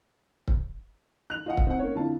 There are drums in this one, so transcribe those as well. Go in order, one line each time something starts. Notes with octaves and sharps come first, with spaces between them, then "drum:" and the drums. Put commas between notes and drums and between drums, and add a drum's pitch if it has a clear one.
drum: kick C#1
F#6 F7
F4 D#5 F#5
drum: kick C#1
C4 F#5
A#3 C#4 C#5
F2 D3 E4 F4 A5